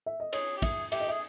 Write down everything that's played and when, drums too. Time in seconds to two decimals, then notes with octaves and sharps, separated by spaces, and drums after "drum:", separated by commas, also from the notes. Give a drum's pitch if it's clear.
0.06 E5
0.20 D#5
0.33 G#4 C#5, drum: cymbal
0.57 G4
0.62 G#4 E5, drum: kick, cymbal
0.92 G4 E5, drum: cymbal
1.00 D#5
1.08 G#4 E5